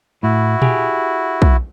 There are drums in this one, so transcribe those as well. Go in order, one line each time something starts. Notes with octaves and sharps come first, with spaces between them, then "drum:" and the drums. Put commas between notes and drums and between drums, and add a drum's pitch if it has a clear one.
A2 E4 F#4
G4 G#4, drum: tom A#2
drum: kick